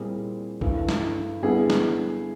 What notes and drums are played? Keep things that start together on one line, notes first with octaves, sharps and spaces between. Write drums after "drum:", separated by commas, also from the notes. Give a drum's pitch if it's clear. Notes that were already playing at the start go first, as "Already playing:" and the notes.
Already playing: A#2 G3 C4 E4 G#4
G2 E3 A3, drum: kick
drum: snare
D3 G3 B3 E4 G#4
drum: snare